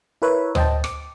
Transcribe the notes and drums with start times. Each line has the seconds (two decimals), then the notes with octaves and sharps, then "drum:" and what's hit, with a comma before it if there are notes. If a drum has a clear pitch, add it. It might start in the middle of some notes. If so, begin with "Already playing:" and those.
0.22 E4 A#4 B4 C#5 E5
0.55 C5 D#5 G5 A5, drum: tom D2
0.84 D6, drum: rim click